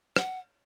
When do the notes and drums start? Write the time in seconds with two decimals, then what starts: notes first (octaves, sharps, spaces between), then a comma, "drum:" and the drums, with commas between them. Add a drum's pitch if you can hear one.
0.16 F#5, drum: rim click